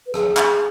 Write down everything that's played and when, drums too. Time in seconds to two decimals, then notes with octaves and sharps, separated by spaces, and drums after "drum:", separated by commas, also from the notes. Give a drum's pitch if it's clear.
0.06 B4
0.14 G#4, drum: rim click
0.37 drum: clap